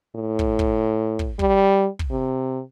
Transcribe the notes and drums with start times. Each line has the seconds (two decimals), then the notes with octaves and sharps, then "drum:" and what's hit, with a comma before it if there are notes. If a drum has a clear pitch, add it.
0.15 A2
0.39 drum: kick
0.59 drum: kick
1.19 drum: kick
1.39 G3, drum: kick
1.99 drum: kick
2.11 C3